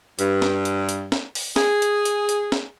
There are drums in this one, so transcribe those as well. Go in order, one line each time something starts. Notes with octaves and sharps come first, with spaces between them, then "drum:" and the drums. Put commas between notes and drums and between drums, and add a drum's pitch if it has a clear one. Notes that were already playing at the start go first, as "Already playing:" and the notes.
G2, drum: hi-hat
drum: snare
drum: hi-hat
drum: hi-hat
drum: snare
drum: open hi-hat
G#4, drum: snare
drum: hi-hat
drum: hi-hat
drum: hi-hat
drum: snare